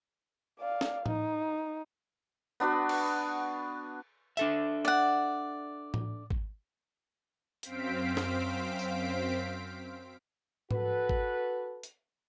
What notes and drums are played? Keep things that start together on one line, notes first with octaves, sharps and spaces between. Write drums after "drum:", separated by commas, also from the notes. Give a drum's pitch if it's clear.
D5 F5
drum: snare
D#4, drum: tom A2
B3 D4 F#4 B4
drum: cymbal
D4 A4 E5, drum: hi-hat
D5 F#5
drum: tom A2
drum: kick G#1
F#2 C4 C5 F5 B6 D7, drum: hi-hat
drum: snare
drum: tambourine
F#4 A4 B4, drum: tom G#2
drum: kick G#1
drum: hi-hat